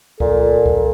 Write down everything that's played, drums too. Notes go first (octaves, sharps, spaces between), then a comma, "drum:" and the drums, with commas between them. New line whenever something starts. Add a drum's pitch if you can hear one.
A#2 A4, drum: kick C#2
drum: kick C#2